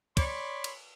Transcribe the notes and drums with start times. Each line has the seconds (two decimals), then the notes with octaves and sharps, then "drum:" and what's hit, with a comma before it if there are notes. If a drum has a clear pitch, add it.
0.17 C#5 D5 B5 C6, drum: kick, cymbal
0.64 drum: cymbal